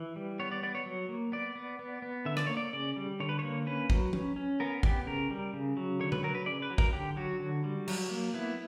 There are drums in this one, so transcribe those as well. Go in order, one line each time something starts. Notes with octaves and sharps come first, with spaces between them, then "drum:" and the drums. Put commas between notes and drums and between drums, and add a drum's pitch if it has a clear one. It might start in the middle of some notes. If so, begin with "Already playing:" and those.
Already playing: E3
G3
B3 C#5
D5
B3 D5
C#5
F#3
A#3
B3 D5
B3
B3
B3
D3 E5
D5, drum: rim click
A#3 C#5
D5
C#3 D5
G3
D3 C#5
B4
A#3 C#5
C#4 B4
F#3, drum: kick
C#4, drum: tom F3
C#4
B3 A#4
B3 G4, drum: kick
C#3 A#4
G3
C#3
F#3
D3 C#5
B4, drum: tom B2
F#3 A#4
B4
C#3 D5
B4
F#3
A#4, drum: kick
D3 G4
F#3 F#4
D3
G3
F#3, drum: cymbal
A#3
B3 E4